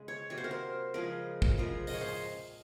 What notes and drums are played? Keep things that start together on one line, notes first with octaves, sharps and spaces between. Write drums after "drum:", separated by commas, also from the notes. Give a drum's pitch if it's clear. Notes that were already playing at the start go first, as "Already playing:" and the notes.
Already playing: C#3 G#3
C#5
C3 F#3 A#3 C#5
C5
A#4
C5
C#3 F3 G#3 A#4
drum: kick
C#3 F3 G#3 A#4
D#5, drum: open hi-hat
C#5
C5